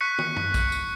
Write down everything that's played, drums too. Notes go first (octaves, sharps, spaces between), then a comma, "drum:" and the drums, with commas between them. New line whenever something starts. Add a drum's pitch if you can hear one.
C#6 F#6 B6 C#7
drum: tom
drum: tom F#2
drum: kick A#1, tambourine
drum: tambourine